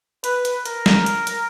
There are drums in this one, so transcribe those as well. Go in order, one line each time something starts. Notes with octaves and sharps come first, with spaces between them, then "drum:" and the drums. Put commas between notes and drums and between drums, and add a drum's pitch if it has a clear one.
B4, drum: hi-hat
drum: hi-hat
A#4, drum: hi-hat
drum: snare
drum: hi-hat
drum: hi-hat